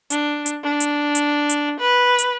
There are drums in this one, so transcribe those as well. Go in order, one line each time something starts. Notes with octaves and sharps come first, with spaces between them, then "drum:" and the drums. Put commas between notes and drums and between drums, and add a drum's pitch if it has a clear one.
D4, drum: hi-hat
drum: hi-hat
D4
drum: hi-hat
drum: hi-hat
drum: hi-hat
B4
drum: hi-hat